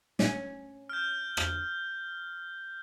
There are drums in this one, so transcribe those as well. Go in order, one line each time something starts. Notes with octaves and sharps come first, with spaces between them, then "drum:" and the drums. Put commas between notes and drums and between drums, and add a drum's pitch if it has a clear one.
C#4, drum: snare
F6 G6
drum: rim click